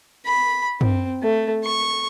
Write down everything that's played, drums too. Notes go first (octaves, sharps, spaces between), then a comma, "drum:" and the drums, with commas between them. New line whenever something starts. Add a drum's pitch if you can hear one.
B5
C4, drum: tom
A3
C#6